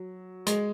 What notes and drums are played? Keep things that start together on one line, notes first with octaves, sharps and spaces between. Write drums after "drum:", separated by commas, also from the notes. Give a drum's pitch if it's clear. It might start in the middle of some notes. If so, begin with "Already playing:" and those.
Already playing: F#3
G#3, drum: hi-hat